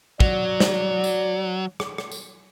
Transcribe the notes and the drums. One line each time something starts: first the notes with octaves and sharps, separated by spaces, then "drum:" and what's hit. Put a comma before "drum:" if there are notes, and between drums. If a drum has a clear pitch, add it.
F#3 D5, drum: kick
drum: snare
drum: tambourine
drum: rim click
drum: rim click
drum: tambourine